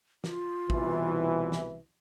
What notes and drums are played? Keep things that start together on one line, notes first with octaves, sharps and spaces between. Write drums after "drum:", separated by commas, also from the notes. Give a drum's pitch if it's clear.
F4, drum: snare
C2 B2 E3, drum: kick
drum: snare